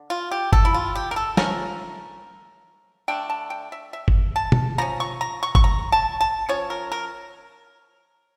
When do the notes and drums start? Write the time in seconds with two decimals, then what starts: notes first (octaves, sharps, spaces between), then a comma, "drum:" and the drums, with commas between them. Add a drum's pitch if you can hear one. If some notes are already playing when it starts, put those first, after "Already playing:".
Already playing: D3
0.10 F4
0.31 G4
0.53 A4, drum: kick G1
0.65 E4
0.74 F4
0.95 G4
1.11 A#4
1.16 A4
1.37 F3 A3 C#4 A#4, drum: snare
3.08 D3 A3 D4 G5
3.30 A5
3.50 G5
3.72 E5
3.93 E5
4.08 drum: kick G1
4.36 A5
4.52 drum: tom
4.78 F3 C#4 A#5
5.00 C#6
5.21 A#5
5.43 C#6
5.55 C#6, drum: kick G1
5.64 A#5
5.92 A5
6.21 A5
6.49 F3 C#4 C#5
6.70 A#4
6.92 A#4